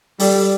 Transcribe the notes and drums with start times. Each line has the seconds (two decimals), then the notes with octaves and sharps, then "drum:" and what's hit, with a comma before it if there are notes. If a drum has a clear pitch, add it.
0.19 G3 A4 D5, drum: open hi-hat
0.43 D5